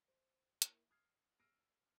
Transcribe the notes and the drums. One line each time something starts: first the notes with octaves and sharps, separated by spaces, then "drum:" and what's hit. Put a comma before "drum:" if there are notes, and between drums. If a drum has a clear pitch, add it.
C5
A#3 E4, drum: hi-hat
D#6 F6 G#6 C7
E6 F6 A#6 C7 D7 D#7